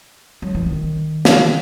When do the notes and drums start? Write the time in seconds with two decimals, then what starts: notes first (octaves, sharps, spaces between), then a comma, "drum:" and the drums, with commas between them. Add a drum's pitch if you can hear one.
0.42 F#3
0.55 E3
0.66 D#3
1.25 drum: snare